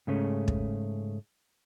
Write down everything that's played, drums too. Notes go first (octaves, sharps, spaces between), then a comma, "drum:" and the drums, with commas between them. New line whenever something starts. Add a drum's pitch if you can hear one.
G#2 C#3 A3 C#4
drum: kick